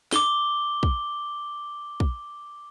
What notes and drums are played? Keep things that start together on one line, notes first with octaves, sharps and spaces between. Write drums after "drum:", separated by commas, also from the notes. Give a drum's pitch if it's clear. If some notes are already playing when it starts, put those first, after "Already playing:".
D6 G7, drum: snare
drum: kick
drum: kick